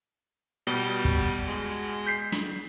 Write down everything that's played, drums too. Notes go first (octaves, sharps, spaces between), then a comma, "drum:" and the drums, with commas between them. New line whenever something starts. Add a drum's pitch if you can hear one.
B2 G3 B3
drum: kick
G#3
G6 B6 C7
drum: snare